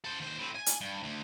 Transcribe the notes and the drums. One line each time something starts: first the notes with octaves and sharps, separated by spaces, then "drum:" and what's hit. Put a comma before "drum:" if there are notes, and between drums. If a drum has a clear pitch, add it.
A4 C5
D#2 C5
A2 C4
G#5
drum: hi-hat
G2
D2